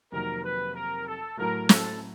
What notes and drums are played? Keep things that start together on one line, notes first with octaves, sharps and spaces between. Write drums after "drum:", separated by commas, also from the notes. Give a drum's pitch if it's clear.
F2 C3 D#3 F#3 A#3 A#4
B4
A#4
A4
A2 F#3 A3 A#4
A4, drum: snare